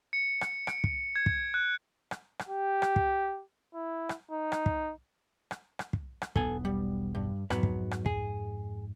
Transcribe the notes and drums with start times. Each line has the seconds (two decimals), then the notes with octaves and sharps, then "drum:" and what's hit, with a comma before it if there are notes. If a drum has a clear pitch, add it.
0.13 C#7
0.41 drum: rim click
0.67 D7, drum: rim click
0.84 drum: kick
1.16 G#6
1.26 drum: kick
1.54 F#6
2.11 drum: rim click
2.39 drum: rim click
2.49 G4
2.82 drum: rim click
2.96 drum: kick
3.74 E4
4.09 drum: rim click
4.31 D#4
4.52 drum: rim click
4.66 drum: kick
5.51 drum: rim click
5.79 drum: rim click
5.93 drum: kick
6.22 drum: rim click
6.36 E1 B1 B3 A4 G#5, drum: kick
6.65 G3
7.15 G2
7.50 F2 G#2 F#3 B3, drum: rim click
7.63 drum: kick
7.91 drum: rim click
8.06 G#4, drum: kick